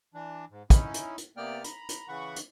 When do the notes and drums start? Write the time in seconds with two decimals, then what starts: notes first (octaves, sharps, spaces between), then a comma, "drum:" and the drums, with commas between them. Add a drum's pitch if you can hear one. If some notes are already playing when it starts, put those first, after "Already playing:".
0.14 E3 D4
0.51 G#2
0.70 C#4 D#4 E4, drum: kick, hi-hat
0.94 drum: hi-hat
1.18 drum: hi-hat
1.37 C3 A#3 B3 D5 G5 F6
1.64 A#5 B5, drum: hi-hat
1.89 drum: hi-hat
2.08 C#3 E3 F#5 B5 C#6
2.36 drum: hi-hat